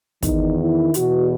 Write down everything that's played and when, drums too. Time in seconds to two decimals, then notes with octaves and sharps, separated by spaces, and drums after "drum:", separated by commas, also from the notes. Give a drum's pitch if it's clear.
0.23 E2 D#3 D#4, drum: kick, hi-hat
0.59 E4
0.94 E2 B2 F#4, drum: hi-hat